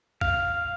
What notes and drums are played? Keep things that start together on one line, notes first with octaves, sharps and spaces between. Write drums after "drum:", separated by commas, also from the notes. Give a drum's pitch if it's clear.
F5, drum: kick